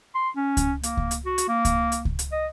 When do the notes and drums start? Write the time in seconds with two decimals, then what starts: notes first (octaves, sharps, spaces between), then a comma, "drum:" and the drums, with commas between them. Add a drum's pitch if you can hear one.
0.15 C6
0.36 C#4
0.57 drum: kick C#2, hi-hat
0.83 A#3, drum: hi-hat
0.97 drum: kick C#2
1.11 drum: hi-hat
1.26 F#4
1.38 drum: hi-hat
1.49 A#3
1.65 drum: kick C#2, hi-hat
1.92 drum: hi-hat
2.05 drum: kick C#2
2.19 drum: hi-hat
2.32 D#5